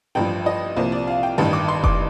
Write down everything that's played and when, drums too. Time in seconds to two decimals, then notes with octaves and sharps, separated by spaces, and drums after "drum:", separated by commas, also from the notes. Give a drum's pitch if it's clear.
0.15 A1 G2 F3 G5
0.46 D#5
0.77 C2 A#2 F3 C5
0.92 D5
1.07 F5
1.23 G5
1.38 A1 G2 D#3 A5
1.53 D6
1.68 C6
1.84 D6, drum: kick F1